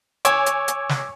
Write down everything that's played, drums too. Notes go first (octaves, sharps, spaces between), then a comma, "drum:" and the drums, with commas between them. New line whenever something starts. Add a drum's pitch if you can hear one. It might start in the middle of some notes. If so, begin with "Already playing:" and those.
C#5 G#5 D6 E6 G#6, drum: hi-hat
drum: hi-hat
drum: hi-hat
drum: snare